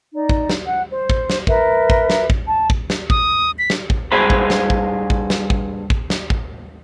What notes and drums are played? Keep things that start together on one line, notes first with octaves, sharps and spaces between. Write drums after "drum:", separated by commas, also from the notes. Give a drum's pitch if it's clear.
D#4 D5
drum: kick
drum: snare
F#5
C5
drum: kick
drum: snare
A#4 B4 E5, drum: kick
drum: kick
drum: snare
drum: kick
A5
drum: kick
drum: snare
D#6, drum: kick
B6
drum: snare
drum: kick
G2 G#4 C5 B5
drum: kick
drum: snare
drum: kick
drum: kick
drum: snare
drum: kick
drum: kick
drum: snare
drum: kick